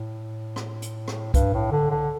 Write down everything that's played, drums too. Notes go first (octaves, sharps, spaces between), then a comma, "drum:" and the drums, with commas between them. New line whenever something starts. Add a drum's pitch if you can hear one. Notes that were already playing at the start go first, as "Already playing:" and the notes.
Already playing: A2
drum: rim click
drum: hi-hat
drum: rim click
G2, drum: kick C2, hi-hat
A2
D3
D3